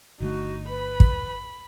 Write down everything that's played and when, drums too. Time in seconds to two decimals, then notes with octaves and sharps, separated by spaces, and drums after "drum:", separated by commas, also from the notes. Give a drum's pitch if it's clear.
0.20 G1 D3 A3 D#4 F#4
0.69 B4 B5
1.00 drum: kick